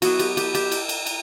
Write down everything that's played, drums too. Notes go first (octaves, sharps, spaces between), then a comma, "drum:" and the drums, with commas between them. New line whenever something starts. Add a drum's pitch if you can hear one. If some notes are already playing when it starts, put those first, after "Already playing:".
F#3 B3 E4 F#4, drum: cymbal
G4, drum: cymbal
G4, drum: cymbal
G4, drum: cymbal
drum: cymbal
drum: cymbal
drum: cymbal